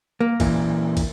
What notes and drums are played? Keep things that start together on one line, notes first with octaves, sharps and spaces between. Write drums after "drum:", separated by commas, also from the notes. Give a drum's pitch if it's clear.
A#3
A#2 E3, drum: kick, cymbal
drum: kick, cymbal